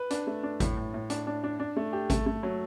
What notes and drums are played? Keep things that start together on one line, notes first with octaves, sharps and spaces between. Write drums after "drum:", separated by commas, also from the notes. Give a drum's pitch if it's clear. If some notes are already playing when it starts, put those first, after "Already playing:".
Already playing: B4
D4, drum: hi-hat
A3
D4
A2, drum: kick G#1, hi-hat
A2
A2
D4, drum: hi-hat
D4
D4
D4
A3
G4
A3, drum: kick G#1, hi-hat
A3
F#3